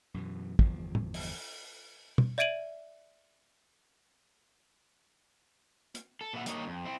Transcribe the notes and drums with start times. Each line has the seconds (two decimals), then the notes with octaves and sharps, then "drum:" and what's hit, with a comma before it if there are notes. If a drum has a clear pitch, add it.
0.14 F#2 B2 E3
0.59 G1 E2 F3, drum: kick
0.95 drum: tom
1.14 drum: open hi-hat
2.18 drum: tom
2.38 D5 E5 G#6 D7 D#7 F#7
5.95 drum: hi-hat
6.21 A4
6.33 A#2 B4 E5 F#5
6.46 G3 A#3 D4 D#4 C#5, drum: hi-hat
6.67 F2
6.85 C4 E4